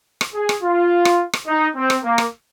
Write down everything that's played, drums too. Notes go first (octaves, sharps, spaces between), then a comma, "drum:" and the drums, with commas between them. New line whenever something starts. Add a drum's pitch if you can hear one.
drum: rim click
G#4
drum: rim click
F4
drum: rim click
drum: rim click
D#4
C4
drum: rim click
A#3
drum: rim click